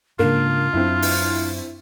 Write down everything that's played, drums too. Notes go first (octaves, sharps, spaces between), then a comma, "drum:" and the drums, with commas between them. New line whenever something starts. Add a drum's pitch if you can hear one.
G#2 C#3 A#3 D4 F4
F#2 C4 E4
drum: open hi-hat